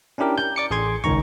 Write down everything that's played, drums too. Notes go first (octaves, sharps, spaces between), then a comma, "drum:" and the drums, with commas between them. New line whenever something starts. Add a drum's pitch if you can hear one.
C#4 D4 E4 G4 A#4
G6, drum: rim click
D5 D6 C#7
A1 G#4 G#5 C6 G#6
C#2 D#3 A#5 C#6, drum: kick